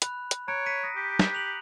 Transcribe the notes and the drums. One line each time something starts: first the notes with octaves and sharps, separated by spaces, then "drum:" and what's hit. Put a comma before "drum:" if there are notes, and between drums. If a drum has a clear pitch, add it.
B5 F#6, drum: hi-hat
drum: hi-hat
C#5 A#5 F#6 D7
B6 C#7 D#7
D#6 A#6
G4
drum: snare
F#6 F7 F#7